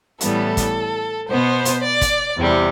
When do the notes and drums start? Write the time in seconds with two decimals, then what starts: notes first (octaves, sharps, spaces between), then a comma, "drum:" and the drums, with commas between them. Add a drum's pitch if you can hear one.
0.21 A2 E3 G3 B3 A4, drum: hi-hat
0.57 drum: kick, hi-hat
1.29 B2 B3 C5
1.65 drum: hi-hat
1.83 D5
2.01 drum: kick, hi-hat
2.37 E2 C3 G3